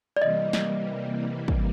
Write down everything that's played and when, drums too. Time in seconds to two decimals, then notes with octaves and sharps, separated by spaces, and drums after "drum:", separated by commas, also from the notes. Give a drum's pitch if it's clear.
0.17 D5
0.22 C3 E3 G3 A#3 D#5
0.53 drum: snare
1.48 drum: kick